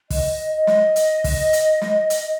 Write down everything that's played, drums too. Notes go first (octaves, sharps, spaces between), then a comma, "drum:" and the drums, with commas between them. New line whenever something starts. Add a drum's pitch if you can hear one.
D#5, drum: kick, open hi-hat
D#5
drum: snare
drum: hi-hat
drum: kick, open hi-hat
drum: hi-hat
drum: snare
drum: hi-hat